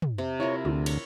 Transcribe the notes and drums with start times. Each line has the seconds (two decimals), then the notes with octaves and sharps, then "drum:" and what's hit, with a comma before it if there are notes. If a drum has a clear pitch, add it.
0.02 drum: tom
0.18 C3
0.40 E4 F4 A#4 C#5
0.65 D2, drum: tom
0.86 C#5, drum: cymbal